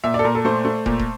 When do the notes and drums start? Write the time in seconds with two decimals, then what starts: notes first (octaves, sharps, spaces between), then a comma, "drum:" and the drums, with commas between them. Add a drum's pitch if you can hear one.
0.04 A#2 E5
0.14 A4 D5
0.24 A#2 A#4
0.35 A4
0.45 A3 C5
0.65 A3
0.86 A#2, drum: kick
0.99 drum: kick